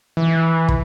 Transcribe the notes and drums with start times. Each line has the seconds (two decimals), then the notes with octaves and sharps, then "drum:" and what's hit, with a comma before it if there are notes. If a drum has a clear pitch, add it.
0.17 E3
0.68 drum: kick